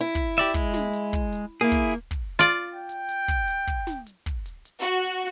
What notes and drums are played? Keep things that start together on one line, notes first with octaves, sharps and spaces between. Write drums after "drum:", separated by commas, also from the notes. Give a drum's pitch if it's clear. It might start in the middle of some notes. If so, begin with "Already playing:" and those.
E4
drum: kick, open hi-hat
G4 D5 E5
G#3, drum: kick, hi-hat
drum: snare
drum: hi-hat
drum: kick, hi-hat
drum: hi-hat
A#3 E4 G#4
drum: kick, open hi-hat
drum: hi-hat
drum: kick, hi-hat
F4 D5
drum: hi-hat
G5
drum: hi-hat
drum: hi-hat
drum: kick, open hi-hat
drum: hi-hat
drum: kick, hi-hat
drum: snare
drum: hi-hat
drum: kick, hi-hat
drum: hi-hat
drum: hi-hat
F#4
drum: hi-hat